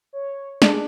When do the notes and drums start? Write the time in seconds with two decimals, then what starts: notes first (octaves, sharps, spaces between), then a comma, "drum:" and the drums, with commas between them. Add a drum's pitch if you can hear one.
0.13 C#5
0.62 D4 G#4, drum: snare